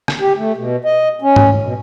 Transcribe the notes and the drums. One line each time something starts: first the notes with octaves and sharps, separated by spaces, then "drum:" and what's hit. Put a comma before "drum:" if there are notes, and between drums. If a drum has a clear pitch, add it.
drum: rim click
G4
A3
B2
D#5
C#4
drum: tom G#2
B2